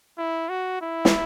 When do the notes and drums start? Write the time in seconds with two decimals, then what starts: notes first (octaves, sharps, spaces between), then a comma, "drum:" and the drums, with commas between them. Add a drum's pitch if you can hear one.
0.18 E4
0.49 F#4
0.81 E4
1.05 drum: snare